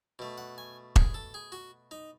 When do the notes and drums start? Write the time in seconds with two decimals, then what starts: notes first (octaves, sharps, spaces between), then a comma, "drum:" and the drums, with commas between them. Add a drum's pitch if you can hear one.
0.19 B2 A3
0.38 F#5
0.58 G#5
0.96 G#4, drum: kick E1
1.14 A4
1.34 G#4
1.52 F#4
1.91 D#4